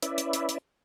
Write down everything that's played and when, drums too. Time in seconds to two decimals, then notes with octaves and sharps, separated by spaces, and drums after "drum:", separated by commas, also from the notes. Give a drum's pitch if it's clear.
0.03 C#4 E4 B4 D5 E5, drum: hi-hat
0.18 drum: hi-hat
0.33 drum: hi-hat
0.49 drum: hi-hat